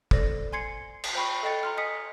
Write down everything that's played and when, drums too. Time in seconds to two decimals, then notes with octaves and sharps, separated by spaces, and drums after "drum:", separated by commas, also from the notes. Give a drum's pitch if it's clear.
0.11 A4 C5 D5 A#6, drum: kick
0.53 G#5 C6 G#6 C7 C#7
1.04 drum: cymbal
1.15 C5 G5 B5 C#6
1.43 A4 D#5 G5 A6 C#7
1.63 A#5 C6 F6
1.77 D#5 G#5 D#6 B6 C#7